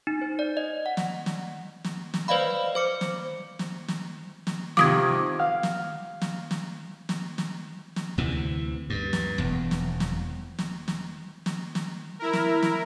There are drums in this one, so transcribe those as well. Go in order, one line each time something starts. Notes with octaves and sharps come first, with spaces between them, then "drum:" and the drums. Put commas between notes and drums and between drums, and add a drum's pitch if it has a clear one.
D#4
C5
D5
D#5
F#5
drum: snare
drum: snare
drum: snare
drum: snare
B4 C5 D5 D#5 F5 B5
C5 D6 C#7
drum: snare
drum: snare
drum: snare
drum: snare
C3 D#3 F3 D6 D#6 G#6, drum: snare
F5 F6
drum: snare
drum: snare
drum: snare
drum: snare
drum: snare
drum: snare
D2 C3 E3
G2
drum: snare
E1 E2
drum: snare
drum: snare
drum: snare
drum: snare
drum: snare
drum: snare
E4 A#4
drum: snare
drum: snare